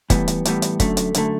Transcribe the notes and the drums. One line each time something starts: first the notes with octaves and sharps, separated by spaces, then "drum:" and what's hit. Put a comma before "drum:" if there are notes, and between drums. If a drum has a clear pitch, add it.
A2 E3 G3 B3, drum: kick, hi-hat
drum: hi-hat
A2 E3 G3 B3, drum: hi-hat
drum: hi-hat
F#2 D3 A3, drum: kick, hi-hat
drum: hi-hat
F#2 D3 A3, drum: hi-hat